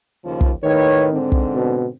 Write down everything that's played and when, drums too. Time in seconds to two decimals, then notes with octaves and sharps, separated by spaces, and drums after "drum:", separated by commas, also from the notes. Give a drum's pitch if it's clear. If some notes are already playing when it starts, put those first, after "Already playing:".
0.25 D#2 C#3 F3
0.41 drum: kick
0.63 A2 D#3 B4 C#5
1.13 G#2 D3 C4
1.32 drum: kick
1.54 B2